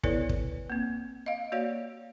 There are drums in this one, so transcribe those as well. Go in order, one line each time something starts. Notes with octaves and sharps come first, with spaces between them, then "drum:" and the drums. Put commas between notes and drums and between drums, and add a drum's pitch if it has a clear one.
B3 E4 A4 B4 C#5 D5, drum: kick
drum: kick
A#3 C4
D#5 F5
A#3 F#4 C#5 D5 F5